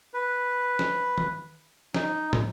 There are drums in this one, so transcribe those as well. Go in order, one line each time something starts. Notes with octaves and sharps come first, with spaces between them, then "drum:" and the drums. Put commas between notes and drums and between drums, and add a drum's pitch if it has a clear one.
B4
drum: snare
drum: tom
D#4, drum: snare
drum: tom